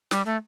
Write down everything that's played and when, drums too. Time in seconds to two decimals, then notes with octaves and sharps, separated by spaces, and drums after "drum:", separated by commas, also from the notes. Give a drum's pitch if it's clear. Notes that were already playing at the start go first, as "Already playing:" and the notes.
0.11 G3, drum: snare
0.26 A3